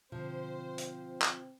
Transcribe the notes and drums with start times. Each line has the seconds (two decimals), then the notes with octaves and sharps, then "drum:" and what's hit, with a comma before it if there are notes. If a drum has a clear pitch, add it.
0.12 B2 D3 F3 C4 C5
0.78 drum: hi-hat
1.22 drum: clap